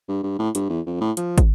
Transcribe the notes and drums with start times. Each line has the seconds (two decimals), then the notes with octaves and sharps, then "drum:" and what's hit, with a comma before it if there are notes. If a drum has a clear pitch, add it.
0.08 G2
0.23 G2
0.39 A2
0.55 G2, drum: hi-hat
0.70 E2
0.86 F2
1.01 A2
1.17 F3, drum: hi-hat
1.38 drum: kick, hi-hat